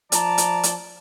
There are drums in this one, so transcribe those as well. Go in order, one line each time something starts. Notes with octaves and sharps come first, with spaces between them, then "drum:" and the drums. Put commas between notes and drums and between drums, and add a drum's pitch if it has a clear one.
F3 D5 A5 A#5, drum: hi-hat
drum: hi-hat
drum: hi-hat